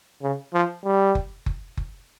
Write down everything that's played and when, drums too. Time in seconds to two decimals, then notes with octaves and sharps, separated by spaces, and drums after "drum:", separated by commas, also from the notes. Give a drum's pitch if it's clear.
0.22 C#3
0.54 F3
0.84 G3
1.15 drum: kick F#1
1.46 drum: kick F#1
1.77 drum: kick F#1